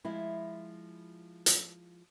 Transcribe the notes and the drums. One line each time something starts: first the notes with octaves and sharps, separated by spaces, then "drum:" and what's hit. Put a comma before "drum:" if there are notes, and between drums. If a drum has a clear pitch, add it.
F3 G#3 E4
drum: hi-hat